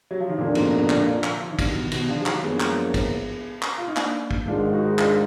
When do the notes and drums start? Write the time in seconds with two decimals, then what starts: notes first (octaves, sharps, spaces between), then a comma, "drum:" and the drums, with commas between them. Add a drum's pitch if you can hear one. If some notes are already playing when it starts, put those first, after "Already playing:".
0.11 F#3
0.20 F3
0.29 D#3
0.38 F2 A#2 D3 F3 A#3 D4
0.55 G#2 B2, drum: cymbal
0.72 G#2 B2
0.90 A#2 D3, drum: clap
1.24 drum: clap
1.41 F3
1.50 D#3
1.59 D3, drum: kick, cymbal
1.68 B2 D#3
1.91 B2 D#3, drum: cymbal
2.09 D3 F3
2.19 G#3
2.26 D#3 F#3, drum: clap
2.43 F#2 F3 G#3 A#3 B3 D4
2.60 drum: clap
2.94 drum: kick, cymbal
3.62 drum: clap
3.78 F4
3.88 D#4
3.96 A#3 D4, drum: clap
4.31 drum: kick
4.48 G#2 D#3 G#3 D4 F4
4.73 D#4 F#4
4.99 D4 F4, drum: clap